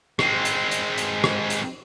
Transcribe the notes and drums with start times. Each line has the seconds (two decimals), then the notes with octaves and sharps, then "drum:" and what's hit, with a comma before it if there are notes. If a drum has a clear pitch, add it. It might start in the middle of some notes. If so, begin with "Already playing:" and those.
0.19 G#3 C4, drum: rim click
0.45 drum: hi-hat
0.71 drum: hi-hat
0.98 drum: hi-hat
1.24 drum: rim click
1.50 drum: hi-hat